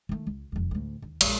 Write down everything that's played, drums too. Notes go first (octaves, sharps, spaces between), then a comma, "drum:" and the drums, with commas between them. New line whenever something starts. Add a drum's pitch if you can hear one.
D#3 A3
C#2
F1 E2
D2 A2
D#2
A#1 G#3, drum: cymbal